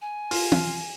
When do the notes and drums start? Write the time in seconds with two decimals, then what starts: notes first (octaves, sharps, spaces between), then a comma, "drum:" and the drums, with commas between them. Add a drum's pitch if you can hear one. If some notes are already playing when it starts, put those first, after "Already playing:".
0.01 G#5
0.31 F4, drum: open hi-hat
0.52 drum: tom